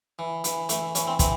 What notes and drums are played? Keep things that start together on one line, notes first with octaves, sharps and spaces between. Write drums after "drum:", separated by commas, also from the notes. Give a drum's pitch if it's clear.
E3
E3, drum: hi-hat
E3 A3, drum: hi-hat
E3 C#4, drum: hi-hat
C4
E3 C4, drum: kick, hi-hat